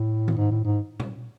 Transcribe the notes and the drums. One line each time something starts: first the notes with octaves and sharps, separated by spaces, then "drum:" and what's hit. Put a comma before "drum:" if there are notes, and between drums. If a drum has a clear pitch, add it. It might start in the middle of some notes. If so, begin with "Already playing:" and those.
Already playing: A2
drum: tom D#3
G#2
A2
G#2
drum: tom A#2